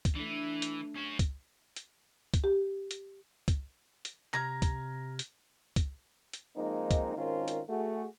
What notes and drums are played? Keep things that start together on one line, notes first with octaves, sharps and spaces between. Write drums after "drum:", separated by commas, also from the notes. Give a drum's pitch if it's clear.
drum: kick C#2, hi-hat
E3 A3 D4
drum: hi-hat
C#4 F#4
drum: kick C#2, hi-hat
drum: hi-hat
drum: kick C#2, hi-hat
G4
drum: hi-hat
drum: kick C#2, hi-hat
drum: hi-hat
C3 A#5 F6 G#6 A#6, drum: clap
drum: kick C#2, hi-hat
drum: hi-hat
drum: kick C#2, hi-hat
drum: hi-hat
F3 G#3 A#3 C4 D#4
drum: kick C#2, hi-hat
G#1 D#3 C#4 F4 A#4 C5
drum: hi-hat
A3 F#4 G#4